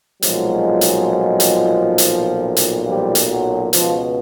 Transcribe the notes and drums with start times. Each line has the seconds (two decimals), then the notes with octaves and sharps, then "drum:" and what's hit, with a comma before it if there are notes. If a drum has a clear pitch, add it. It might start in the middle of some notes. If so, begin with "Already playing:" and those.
0.22 B1 A#2 F3 F#3 G#3, drum: hi-hat
0.81 drum: hi-hat
1.40 drum: hi-hat
1.98 drum: hi-hat
2.57 drum: hi-hat
2.86 F3 G3
3.15 drum: hi-hat
3.30 F#3
3.73 C#2 B2 F3, drum: hi-hat